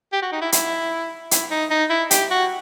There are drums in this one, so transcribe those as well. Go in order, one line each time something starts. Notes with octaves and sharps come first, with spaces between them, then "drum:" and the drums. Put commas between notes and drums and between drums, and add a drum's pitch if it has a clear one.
G4
F#4
D#4
E4
E4, drum: hi-hat
E4, drum: hi-hat
D#4
D#4
E4
G4, drum: hi-hat
F#4